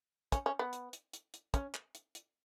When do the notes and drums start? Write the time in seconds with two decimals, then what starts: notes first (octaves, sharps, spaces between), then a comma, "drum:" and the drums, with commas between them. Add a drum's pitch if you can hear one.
0.32 C#4, drum: kick, hi-hat
0.46 C#4
0.59 B3
0.73 drum: hi-hat
0.93 drum: hi-hat
1.13 drum: hi-hat
1.34 drum: hi-hat
1.54 C#4, drum: kick, hi-hat
1.74 drum: clap
1.95 drum: hi-hat
2.15 drum: hi-hat